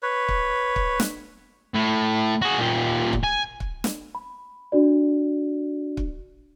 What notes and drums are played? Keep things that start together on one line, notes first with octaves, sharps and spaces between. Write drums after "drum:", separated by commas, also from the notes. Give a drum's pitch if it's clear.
B4 C#5
drum: kick
drum: kick
drum: snare
A2
F#4 G#4
A#2 G4
drum: kick
G#5
drum: kick
drum: snare
B5
D4 F#4 D5
drum: kick